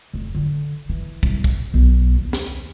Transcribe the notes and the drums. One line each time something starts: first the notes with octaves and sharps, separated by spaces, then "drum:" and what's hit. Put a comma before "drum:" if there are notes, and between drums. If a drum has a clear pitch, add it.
F1
D3
E3
C2, drum: kick
C3, drum: kick
B1
D#2
drum: snare
drum: hi-hat